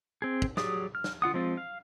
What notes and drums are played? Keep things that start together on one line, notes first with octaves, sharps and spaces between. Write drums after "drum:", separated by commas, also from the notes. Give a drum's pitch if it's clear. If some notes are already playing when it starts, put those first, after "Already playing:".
C4 G#4
drum: kick
F#3 G4 G#4 D5 D#6, drum: snare
F6
drum: snare
D3 F4 F#5 D#6
F3 G#3 C4 F4
F5